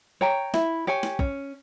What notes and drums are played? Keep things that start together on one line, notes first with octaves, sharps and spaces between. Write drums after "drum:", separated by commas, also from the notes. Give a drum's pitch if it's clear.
C#5 G5 A#5
E4, drum: snare
G4 C#5 G#5
drum: snare
C#4, drum: kick